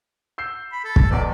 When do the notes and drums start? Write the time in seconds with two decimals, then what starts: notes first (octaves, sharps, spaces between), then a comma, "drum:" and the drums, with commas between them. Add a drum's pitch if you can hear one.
0.38 E6 G6 C7
0.72 B5
0.85 A4
0.96 drum: kick
1.11 B1 E2 D5